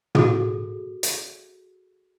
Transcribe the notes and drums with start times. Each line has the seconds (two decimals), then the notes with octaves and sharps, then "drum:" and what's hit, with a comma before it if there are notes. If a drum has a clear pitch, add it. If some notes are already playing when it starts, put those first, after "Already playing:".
0.15 F#4 G#4 A4, drum: tom
1.03 drum: hi-hat